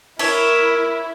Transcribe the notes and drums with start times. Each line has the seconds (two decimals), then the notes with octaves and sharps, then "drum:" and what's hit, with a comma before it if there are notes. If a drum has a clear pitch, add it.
0.19 E4 A#4 C#5 E5, drum: cymbal